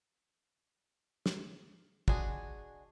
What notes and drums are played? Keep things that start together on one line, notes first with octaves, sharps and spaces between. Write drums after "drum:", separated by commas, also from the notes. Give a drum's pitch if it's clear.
drum: snare
G#3 D4 F#4 G#4, drum: kick